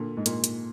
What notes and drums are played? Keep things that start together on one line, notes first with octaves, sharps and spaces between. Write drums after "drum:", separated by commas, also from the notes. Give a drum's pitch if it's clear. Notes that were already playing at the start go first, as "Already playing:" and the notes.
Already playing: A#2 D3
G#2
A#2, drum: hi-hat
drum: hi-hat